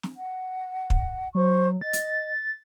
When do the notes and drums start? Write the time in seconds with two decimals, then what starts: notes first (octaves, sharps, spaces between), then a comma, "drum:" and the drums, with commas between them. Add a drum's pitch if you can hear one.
0.03 drum: snare
0.16 F#5
0.90 drum: kick
1.35 F#3 C5 C#6
1.81 D#5 A6
1.93 drum: hi-hat